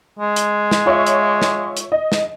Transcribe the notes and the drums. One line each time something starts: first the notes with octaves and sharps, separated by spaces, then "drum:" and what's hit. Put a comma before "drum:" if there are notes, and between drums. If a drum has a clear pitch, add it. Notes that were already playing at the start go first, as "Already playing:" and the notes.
G#3
drum: hi-hat
drum: snare
F4 C#5 E5
drum: hi-hat
drum: snare
drum: hi-hat
D#5
drum: snare